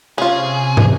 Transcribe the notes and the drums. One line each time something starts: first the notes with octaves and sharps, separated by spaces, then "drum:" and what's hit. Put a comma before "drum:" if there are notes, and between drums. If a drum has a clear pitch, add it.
C3 C#4 F4 G#4
drum: tom